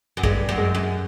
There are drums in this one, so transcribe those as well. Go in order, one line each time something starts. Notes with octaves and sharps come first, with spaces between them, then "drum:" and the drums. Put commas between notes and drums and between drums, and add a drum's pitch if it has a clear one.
F#2
G2 G#3, drum: kick
F#2
G#3
F#2